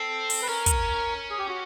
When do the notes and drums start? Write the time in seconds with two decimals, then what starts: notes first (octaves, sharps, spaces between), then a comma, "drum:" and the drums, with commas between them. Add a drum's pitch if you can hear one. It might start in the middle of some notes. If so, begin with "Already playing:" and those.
Already playing: C4 A4
0.30 drum: open hi-hat
0.42 B4
0.48 C#4 A#4
0.66 drum: kick, hi-hat
1.30 G#4
1.39 G4
1.48 F#4